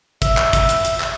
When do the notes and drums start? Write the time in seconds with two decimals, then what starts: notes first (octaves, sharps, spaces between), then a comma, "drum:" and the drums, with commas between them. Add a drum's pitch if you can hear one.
0.22 E5, drum: kick, hi-hat
0.37 drum: clap
0.53 drum: kick, hi-hat
0.69 drum: hi-hat
0.85 drum: hi-hat
1.00 drum: clap